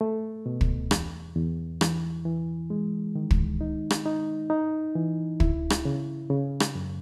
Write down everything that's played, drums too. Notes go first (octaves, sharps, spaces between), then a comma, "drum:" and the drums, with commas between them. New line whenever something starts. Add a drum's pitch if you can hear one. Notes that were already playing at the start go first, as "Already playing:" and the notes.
A3
B2
drum: kick
E2, drum: rim click
E2
E3, drum: rim click
E3
G#3
D#3
drum: kick
D#4
drum: rim click
D#4
D#4
E3
E4, drum: kick
drum: rim click
C#3
C#3
drum: rim click
F#2